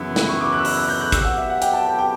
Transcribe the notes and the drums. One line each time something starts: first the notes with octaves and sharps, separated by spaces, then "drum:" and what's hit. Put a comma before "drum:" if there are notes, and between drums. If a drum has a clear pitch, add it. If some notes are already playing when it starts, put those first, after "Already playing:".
Already playing: F#2 C#3 E3 B3 E4
B5, drum: snare
C#6
D6
F#6
E6
F#6, drum: open hi-hat
F#6
G6
F#6
F#3 B3 E4 G4 E6, drum: kick, hi-hat
F#5
E5
F#5
G5, drum: hi-hat
A5
G5
G5